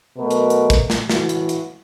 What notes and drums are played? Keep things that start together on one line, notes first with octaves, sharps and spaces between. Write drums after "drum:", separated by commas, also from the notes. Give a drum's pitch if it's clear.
B2 F#3 A3 A#4 B4
drum: hi-hat
drum: hi-hat
drum: kick, hi-hat
drum: snare
A2 E3 F#4, drum: snare
drum: hi-hat
drum: hi-hat